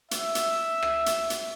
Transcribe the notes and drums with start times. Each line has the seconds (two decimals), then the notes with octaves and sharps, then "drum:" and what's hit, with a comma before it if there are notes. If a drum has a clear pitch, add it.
0.11 E5, drum: hi-hat
0.35 drum: hi-hat
0.82 drum: rim click
1.06 drum: hi-hat
1.30 drum: hi-hat